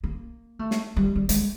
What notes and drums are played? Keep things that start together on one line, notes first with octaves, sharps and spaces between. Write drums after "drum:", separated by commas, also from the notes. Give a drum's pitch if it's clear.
A#3
A3
drum: snare
G3
G3
G#3, drum: hi-hat